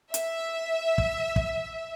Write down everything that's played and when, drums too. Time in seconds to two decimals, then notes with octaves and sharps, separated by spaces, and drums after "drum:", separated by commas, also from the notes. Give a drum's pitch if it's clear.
0.14 E5, drum: hi-hat
0.98 drum: kick
1.36 drum: kick